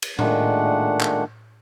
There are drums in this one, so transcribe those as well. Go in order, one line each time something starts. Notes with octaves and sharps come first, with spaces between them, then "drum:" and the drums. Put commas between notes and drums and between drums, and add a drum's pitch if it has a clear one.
drum: cymbal
A#2 D#3 G#3 A3 D4 F#5, drum: tom A2
drum: clap